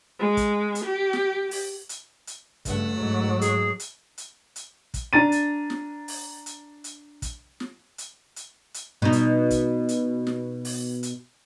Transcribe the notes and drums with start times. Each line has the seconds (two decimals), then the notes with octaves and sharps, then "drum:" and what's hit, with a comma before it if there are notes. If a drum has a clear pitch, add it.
0.19 G#3
0.37 drum: kick, hi-hat
0.75 drum: hi-hat
0.84 G4
1.13 drum: snare
1.51 drum: open hi-hat
1.89 drum: hi-hat
2.27 drum: hi-hat
2.65 G2 C#3 A3 F#5 E6, drum: kick, hi-hat
2.94 G#2 F#3
3.41 G#4, drum: hi-hat
3.80 drum: hi-hat
4.18 drum: hi-hat
4.56 drum: hi-hat
4.94 drum: kick, hi-hat
5.13 D4 A#5 A6 D#7
5.32 drum: hi-hat
5.70 drum: snare
6.08 drum: open hi-hat
6.46 drum: hi-hat
6.84 drum: hi-hat
7.22 drum: kick, hi-hat
7.60 drum: snare
7.98 drum: hi-hat
8.36 drum: hi-hat
8.74 drum: hi-hat
9.02 B2 D#4
9.12 drum: hi-hat
9.50 drum: kick, hi-hat
9.89 drum: hi-hat
10.27 drum: snare
10.65 drum: open hi-hat
11.03 drum: hi-hat